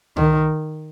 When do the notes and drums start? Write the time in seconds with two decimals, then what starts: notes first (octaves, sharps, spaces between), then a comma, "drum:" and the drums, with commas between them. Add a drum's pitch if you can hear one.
0.17 D#3, drum: tom C2